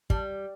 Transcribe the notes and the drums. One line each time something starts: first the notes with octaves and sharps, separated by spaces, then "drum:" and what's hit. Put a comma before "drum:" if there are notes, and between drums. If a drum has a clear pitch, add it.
G3, drum: kick